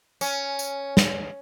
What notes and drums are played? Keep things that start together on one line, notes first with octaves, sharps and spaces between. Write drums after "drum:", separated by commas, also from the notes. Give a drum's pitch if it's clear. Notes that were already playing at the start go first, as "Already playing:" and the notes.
C#4, drum: tambourine
drum: tambourine
drum: snare